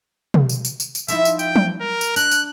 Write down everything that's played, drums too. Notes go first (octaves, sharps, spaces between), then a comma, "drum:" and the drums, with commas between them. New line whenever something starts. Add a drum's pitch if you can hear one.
drum: tom
drum: tambourine
drum: tambourine
drum: tambourine
drum: tambourine
F3 D#4 E4 E5, drum: tambourine
drum: tambourine
G5, drum: tambourine
drum: tom
A#4
drum: tambourine
D4 F#6, drum: tambourine
drum: tambourine